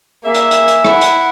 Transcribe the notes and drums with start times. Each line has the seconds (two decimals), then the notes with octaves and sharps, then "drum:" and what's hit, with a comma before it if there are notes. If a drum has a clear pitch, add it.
0.25 A#3 G#4 E5
0.34 drum: hi-hat
0.51 drum: hi-hat
0.68 drum: hi-hat
0.84 E4 F#5, drum: rim click
1.01 drum: hi-hat